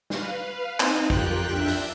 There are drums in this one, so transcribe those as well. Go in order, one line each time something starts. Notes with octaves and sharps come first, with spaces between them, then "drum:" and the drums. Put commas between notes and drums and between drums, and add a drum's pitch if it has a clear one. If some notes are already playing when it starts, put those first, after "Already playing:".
B4 F5, drum: snare
C4 D#4, drum: clap
F2 F4 G4 A#4 G5 F#6, drum: kick
D4 E5
drum: open hi-hat